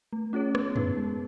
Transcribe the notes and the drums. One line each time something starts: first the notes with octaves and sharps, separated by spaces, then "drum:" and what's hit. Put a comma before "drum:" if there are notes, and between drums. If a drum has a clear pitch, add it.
A3
C#4 F4 G#4 C#5
B3, drum: rim click
D#4 G#4 B4, drum: tom
G#3